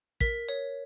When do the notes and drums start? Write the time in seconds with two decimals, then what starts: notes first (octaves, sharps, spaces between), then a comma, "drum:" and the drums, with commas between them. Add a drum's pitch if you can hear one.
0.21 A#4 B6, drum: kick
0.49 C#5